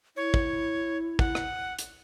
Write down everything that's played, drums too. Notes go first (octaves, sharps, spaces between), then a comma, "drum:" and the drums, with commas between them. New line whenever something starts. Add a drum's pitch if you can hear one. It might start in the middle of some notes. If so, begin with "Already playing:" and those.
E4 C#5
drum: kick
F#5, drum: kick
drum: rim click
drum: hi-hat